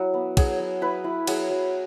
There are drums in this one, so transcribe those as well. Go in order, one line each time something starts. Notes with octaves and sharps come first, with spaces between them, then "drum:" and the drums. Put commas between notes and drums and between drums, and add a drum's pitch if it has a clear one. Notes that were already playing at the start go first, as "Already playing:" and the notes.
Already playing: F#3 E4
B3
F#3 G#4, drum: kick, cymbal
F#3
E4 B4
E4
F#3 G#4, drum: cymbal
F#3